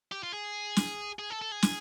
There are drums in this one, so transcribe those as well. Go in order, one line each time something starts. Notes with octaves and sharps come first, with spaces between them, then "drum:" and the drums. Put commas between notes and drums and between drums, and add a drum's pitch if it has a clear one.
G4
F4
G#4
drum: snare
G#4
A4
A4
G#4
drum: snare